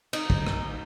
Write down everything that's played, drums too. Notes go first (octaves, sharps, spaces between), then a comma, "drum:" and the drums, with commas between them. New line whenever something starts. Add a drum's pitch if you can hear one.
D#4, drum: cymbal
drum: kick
drum: rim click